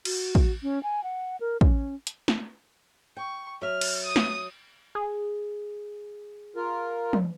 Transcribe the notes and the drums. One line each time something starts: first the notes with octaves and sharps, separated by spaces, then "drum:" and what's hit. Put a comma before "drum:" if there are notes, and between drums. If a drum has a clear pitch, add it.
F#4, drum: cymbal
drum: kick
C#4
G#5
F#5
A#4
C#4, drum: kick
drum: hi-hat
drum: snare
G5 C#6
F#3 E5 F6
drum: cymbal
D#6
drum: snare
G#4
F4 A#4
drum: tom